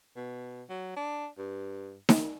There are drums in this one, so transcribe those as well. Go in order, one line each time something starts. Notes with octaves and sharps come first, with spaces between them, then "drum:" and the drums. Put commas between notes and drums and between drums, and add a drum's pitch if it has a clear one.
B2
F#3
D4
G2
drum: snare D#4